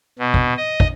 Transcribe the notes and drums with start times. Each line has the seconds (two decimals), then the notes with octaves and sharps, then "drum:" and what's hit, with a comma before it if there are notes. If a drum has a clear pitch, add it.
0.19 B2
0.34 drum: kick
0.57 D#5
0.80 drum: kick